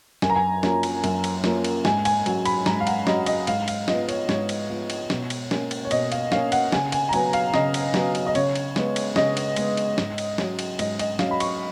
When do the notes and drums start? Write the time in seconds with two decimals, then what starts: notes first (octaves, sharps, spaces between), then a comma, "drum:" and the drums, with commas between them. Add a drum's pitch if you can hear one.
0.22 F#2 G#5, drum: snare
0.30 A#5
0.36 G#5
0.63 F3 A#3 C#4, drum: snare
0.83 drum: cymbal
1.04 F#2, drum: cymbal
1.24 drum: cymbal
1.44 F3 A#3 C#4, drum: snare
1.64 drum: cymbal
1.85 G#2 G#5, drum: snare
2.05 G#5, drum: cymbal
2.26 F#3 C#4, drum: cymbal
2.45 B5, drum: cymbal
2.66 G#2 A#5, drum: snare
2.80 F5
2.87 F#5, drum: cymbal
3.07 F#3 C#4 D#5, drum: snare
3.26 D#5, drum: cymbal
3.47 G#2 F5, drum: cymbal
3.68 F5, drum: cymbal
3.88 F3 B3 D#5, drum: snare
4.09 C#5, drum: cymbal
4.29 G#2 C#5, drum: snare
4.49 drum: cymbal
4.69 F3 B3
4.90 drum: cymbal
5.10 B2, drum: snare
5.30 drum: cymbal
5.51 A#3 C#4, drum: snare
5.71 drum: cymbal
5.85 C#5
5.91 B2 D#5, drum: cymbal
6.12 F5, drum: cymbal
6.32 A#3 C#4 F5, drum: snare
6.52 F#5, drum: cymbal
6.72 C#3 G#5, drum: snare
6.92 G#5, drum: cymbal
7.09 A#5
7.13 F#3 B3 G#5, drum: cymbal
7.33 F5, drum: cymbal
7.54 C#3 D#5, drum: snare
7.74 drum: cymbal
7.94 F#3 B3, drum: snare
8.15 drum: cymbal
8.27 D#5
8.35 C#3 C#5, drum: cymbal
8.55 drum: cymbal
8.76 G#3 B3, drum: snare
8.96 drum: cymbal
9.16 C#3 D#5, drum: snare
9.37 drum: cymbal
9.56 G#3 B3, drum: cymbal
9.77 drum: cymbal
9.98 G#2, drum: snare
10.18 drum: cymbal
10.38 F#3 C#4, drum: snare
10.59 drum: cymbal
10.79 G#2 D#5, drum: cymbal
10.99 D#5, drum: cymbal
11.19 F#3 C#4 F5, drum: snare
11.31 B5
11.40 C#6, drum: cymbal